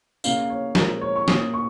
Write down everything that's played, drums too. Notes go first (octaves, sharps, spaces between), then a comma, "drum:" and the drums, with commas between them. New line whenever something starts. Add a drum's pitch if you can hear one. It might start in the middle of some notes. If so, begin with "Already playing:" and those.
C#3 A#3 C#4 F5, drum: tambourine
C#5
A#2 F3 G#3 C#4 A#4, drum: snare
C#5
C#6
A#2 A#3 C#4 D#6, drum: snare
C#6